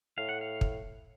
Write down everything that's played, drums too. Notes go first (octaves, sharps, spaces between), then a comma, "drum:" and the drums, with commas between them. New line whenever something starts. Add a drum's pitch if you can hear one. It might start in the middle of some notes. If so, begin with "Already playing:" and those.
A2 F5
F#5
F5
drum: kick